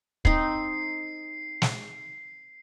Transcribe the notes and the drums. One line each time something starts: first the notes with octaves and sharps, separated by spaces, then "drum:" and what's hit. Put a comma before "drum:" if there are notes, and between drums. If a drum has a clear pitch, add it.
C4 D#4 C7, drum: kick
drum: snare